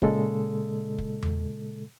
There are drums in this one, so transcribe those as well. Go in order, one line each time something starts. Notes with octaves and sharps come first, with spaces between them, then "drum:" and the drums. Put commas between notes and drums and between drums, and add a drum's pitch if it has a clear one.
A#2 C#3 G#3 A4, drum: kick
drum: kick
drum: tom E2